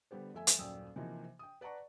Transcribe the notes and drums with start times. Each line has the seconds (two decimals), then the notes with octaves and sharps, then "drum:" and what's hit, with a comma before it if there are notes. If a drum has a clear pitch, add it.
0.11 D3 G3 B3 G4 C5
0.34 F2 A3 E5 G#5
0.47 drum: hi-hat
0.58 D#1 F#2 D5 G5 D#6 E6
0.96 C3 E3 F3 A#3 D#4
1.39 G5 D#6
1.61 B4 D5 F#5 A5 A#5 C#6